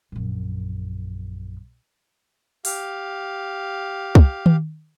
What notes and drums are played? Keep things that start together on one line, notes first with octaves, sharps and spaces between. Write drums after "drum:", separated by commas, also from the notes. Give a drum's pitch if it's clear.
A#1 F#2
G4 F5, drum: open hi-hat
drum: kick
drum: tom D#3